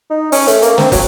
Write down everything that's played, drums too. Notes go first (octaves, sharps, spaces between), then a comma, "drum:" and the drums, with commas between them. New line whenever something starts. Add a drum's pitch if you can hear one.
D#4
C#4, drum: open hi-hat
A3, drum: hi-hat
A#3, drum: hi-hat
C4, drum: snare
F#3, drum: kick, open hi-hat